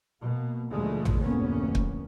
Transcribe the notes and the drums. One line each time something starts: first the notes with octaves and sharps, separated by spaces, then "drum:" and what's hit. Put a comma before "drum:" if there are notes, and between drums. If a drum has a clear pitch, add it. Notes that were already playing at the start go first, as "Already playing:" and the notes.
B2 A#3
D#2 B2 D3 F3 G#3 A3
drum: tom A1
F1 D2 A2 A#3 B3 C#4
drum: kick